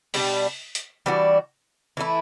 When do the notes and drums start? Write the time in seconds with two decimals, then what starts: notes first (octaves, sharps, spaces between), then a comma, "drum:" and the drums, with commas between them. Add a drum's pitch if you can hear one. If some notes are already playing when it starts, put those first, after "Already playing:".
0.14 B2 G3 D4, drum: open hi-hat
0.75 drum: hi-hat
1.06 E3 G3 D4 F#4
1.97 E3 A3 E4